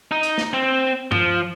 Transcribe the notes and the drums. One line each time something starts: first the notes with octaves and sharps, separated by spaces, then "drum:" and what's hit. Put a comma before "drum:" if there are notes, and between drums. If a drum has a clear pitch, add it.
D#4
drum: hi-hat
drum: snare
C4
F3, drum: tom G2